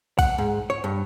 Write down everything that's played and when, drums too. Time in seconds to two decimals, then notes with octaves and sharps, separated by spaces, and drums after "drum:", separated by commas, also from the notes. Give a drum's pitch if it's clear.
0.19 F#5, drum: kick, cymbal
0.38 G#2
0.70 C#5
0.84 G2